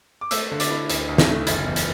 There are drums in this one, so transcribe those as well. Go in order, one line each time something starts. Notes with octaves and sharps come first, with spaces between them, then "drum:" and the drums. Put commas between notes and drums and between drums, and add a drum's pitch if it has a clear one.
D6
A3 E6, drum: hi-hat
D3
D6, drum: hi-hat
E4
D2, drum: hi-hat
D2
drum: snare
A3
F#1, drum: hi-hat
E2
drum: hi-hat